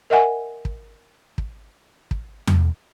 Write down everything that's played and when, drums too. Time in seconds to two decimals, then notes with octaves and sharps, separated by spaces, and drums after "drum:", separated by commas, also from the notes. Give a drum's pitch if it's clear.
0.10 A#4 D#5 E5 F#5 G#5
0.65 drum: kick
1.38 drum: kick
2.11 drum: kick
2.47 drum: tom E2